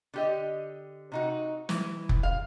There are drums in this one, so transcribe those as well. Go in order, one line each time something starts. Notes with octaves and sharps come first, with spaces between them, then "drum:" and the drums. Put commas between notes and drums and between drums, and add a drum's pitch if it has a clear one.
D3 G4 D#5
C3 D#4 F#4
E3, drum: snare
drum: kick F1
F5